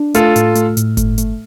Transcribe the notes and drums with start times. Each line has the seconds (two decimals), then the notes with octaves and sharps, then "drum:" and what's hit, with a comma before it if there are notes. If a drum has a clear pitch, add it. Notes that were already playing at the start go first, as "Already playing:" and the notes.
Already playing: D4
0.14 A3 F4 A4, drum: hi-hat
0.36 A2, drum: hi-hat
0.55 A3, drum: hi-hat
0.77 A2, drum: hi-hat
0.97 A3, drum: kick G1, hi-hat
1.18 A3, drum: hi-hat